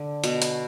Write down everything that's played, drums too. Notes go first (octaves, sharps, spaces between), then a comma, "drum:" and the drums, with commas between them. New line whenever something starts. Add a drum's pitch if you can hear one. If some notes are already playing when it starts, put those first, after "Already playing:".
Already playing: D3
B2, drum: hi-hat
drum: hi-hat